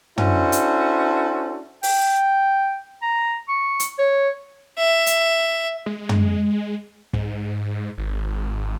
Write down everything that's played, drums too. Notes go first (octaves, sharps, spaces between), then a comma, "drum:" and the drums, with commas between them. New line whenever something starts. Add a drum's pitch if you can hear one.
C#4 D4 E4 F#4 A4 C5, drum: tom
drum: hi-hat
G5, drum: open hi-hat
A#5
C#6
drum: hi-hat
C#5
E5
drum: hi-hat
G#3
drum: tom
G#2, drum: kick
G#1